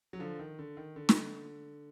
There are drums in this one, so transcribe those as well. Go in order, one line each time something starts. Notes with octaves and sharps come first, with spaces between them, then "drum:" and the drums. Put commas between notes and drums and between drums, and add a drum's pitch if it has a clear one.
F#3
D3 F3
D#3
D3
D#3
D3
drum: snare